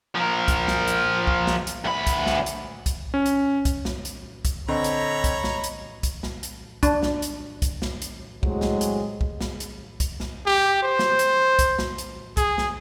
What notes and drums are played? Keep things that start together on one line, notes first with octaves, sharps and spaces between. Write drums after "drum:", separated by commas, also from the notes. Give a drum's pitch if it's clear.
F3 A#4
drum: kick B1, hi-hat
drum: snare
drum: hi-hat
drum: kick B1
drum: snare
drum: hi-hat
D2 B5
drum: kick B1, hi-hat
drum: snare
drum: hi-hat
drum: kick B1, hi-hat
C#4
drum: hi-hat
drum: kick B1, hi-hat
drum: snare
drum: hi-hat
drum: kick B1, hi-hat
D3 C4 C#5 D#5 A#5 B5
drum: hi-hat
drum: kick B1, hi-hat
drum: snare
drum: hi-hat
drum: kick B1, hi-hat
drum: snare
drum: hi-hat
D4, drum: kick B1, hi-hat
drum: snare
drum: hi-hat
drum: kick B1, hi-hat
drum: snare
drum: hi-hat
A2 C3 F#3 G#3, drum: kick B1
drum: snare
drum: hi-hat
drum: kick B1
drum: snare
drum: hi-hat
drum: kick B1, hi-hat
drum: snare
G4
C5
drum: snare
drum: hi-hat
drum: kick B1, hi-hat
drum: snare
drum: hi-hat
G#4, drum: kick B1, hi-hat
drum: snare